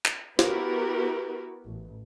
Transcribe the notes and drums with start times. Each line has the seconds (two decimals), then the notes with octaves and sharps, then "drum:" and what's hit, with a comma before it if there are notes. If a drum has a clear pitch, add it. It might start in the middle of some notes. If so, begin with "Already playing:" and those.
0.06 drum: clap
0.39 B3 E4 F#4 G4 A#4 B4, drum: snare
1.64 A1